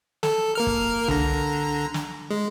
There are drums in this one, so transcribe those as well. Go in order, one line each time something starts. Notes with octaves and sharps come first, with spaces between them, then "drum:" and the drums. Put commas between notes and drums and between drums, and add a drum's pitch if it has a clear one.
A4, drum: snare
A#3 A#4 F6
drum: kick
D3 A#5, drum: tom C2
drum: snare
G#3